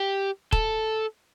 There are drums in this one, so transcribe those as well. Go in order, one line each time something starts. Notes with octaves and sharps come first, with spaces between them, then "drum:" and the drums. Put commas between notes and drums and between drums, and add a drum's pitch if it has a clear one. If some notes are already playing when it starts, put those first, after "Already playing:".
Already playing: G4
A4, drum: kick